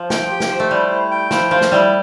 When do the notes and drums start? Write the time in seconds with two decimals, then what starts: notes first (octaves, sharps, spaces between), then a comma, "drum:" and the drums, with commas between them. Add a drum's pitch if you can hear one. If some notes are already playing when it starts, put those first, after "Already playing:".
Already playing: F3
0.10 G5, drum: snare
0.31 G4
0.40 drum: snare
0.51 C5
0.60 A3
0.71 G3 E4
0.91 E4
1.11 G5
1.31 F3 E4, drum: snare
1.51 F3 C5
1.61 drum: snare
1.71 G3 E4